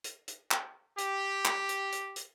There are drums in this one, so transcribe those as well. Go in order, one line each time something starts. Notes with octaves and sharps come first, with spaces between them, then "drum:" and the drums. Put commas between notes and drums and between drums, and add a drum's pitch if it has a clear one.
drum: hi-hat
drum: hi-hat
drum: clap
G4, drum: hi-hat
drum: clap
drum: hi-hat
drum: hi-hat
drum: hi-hat